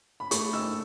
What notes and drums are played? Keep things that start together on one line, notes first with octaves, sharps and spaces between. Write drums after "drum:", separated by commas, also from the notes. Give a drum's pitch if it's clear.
B5
A3 C#6, drum: hi-hat
D#4 E6